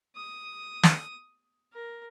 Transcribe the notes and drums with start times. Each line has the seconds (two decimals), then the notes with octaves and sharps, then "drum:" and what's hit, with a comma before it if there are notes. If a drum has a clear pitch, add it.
0.16 D#6
0.83 drum: snare
1.73 A#4